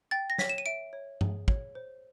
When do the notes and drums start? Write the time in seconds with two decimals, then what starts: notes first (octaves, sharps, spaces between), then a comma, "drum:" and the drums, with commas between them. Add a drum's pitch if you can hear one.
0.11 G5 A6
0.30 A#6
0.38 C#5 B6, drum: snare
0.49 E7
0.58 D#7
0.66 E5 D7
0.93 C#5
1.21 G#4, drum: tom G2
1.48 C#5, drum: kick
1.75 C5